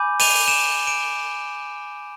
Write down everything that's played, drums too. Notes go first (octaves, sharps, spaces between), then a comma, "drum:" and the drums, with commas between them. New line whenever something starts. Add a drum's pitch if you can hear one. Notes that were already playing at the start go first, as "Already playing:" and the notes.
Already playing: G#5 B5 D6 G6
D#7 F7, drum: open hi-hat
D7 E7
D7 E7